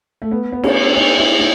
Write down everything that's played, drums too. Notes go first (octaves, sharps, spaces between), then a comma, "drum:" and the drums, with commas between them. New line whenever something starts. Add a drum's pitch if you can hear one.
A3
B3
B3
C#4, drum: cymbal
D#4
E4
D#4